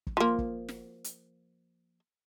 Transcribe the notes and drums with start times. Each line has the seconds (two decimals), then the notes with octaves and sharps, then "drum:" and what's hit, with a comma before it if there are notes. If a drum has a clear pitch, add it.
0.07 drum: kick
0.17 F3 A#3
0.38 drum: kick
0.68 drum: snare
1.04 drum: hi-hat